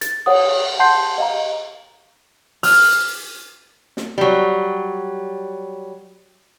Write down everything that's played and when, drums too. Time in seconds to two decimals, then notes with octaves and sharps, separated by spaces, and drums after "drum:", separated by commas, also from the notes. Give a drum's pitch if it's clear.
0.01 A6, drum: hi-hat
0.26 C#5 F#5 D#6, drum: cymbal
0.79 F#5 A5 C6 G6 C7
1.18 D#5 F5 A#5
2.63 F6, drum: open hi-hat
3.97 drum: snare
4.18 F#3 G3